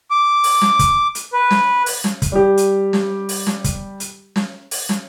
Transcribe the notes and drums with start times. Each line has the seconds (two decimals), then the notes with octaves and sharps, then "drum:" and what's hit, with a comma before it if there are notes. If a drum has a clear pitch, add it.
0.10 D6
0.44 drum: open hi-hat
0.61 drum: snare
0.79 drum: kick, hi-hat
1.15 drum: hi-hat
1.33 B4
1.51 drum: snare
1.86 drum: open hi-hat
2.04 drum: snare
2.22 drum: kick, hi-hat
2.32 G3 G4
2.57 drum: hi-hat
2.93 drum: snare
3.29 drum: open hi-hat
3.47 drum: snare
3.64 drum: kick, hi-hat
4.00 drum: hi-hat
4.36 drum: snare
4.71 drum: open hi-hat
4.89 drum: snare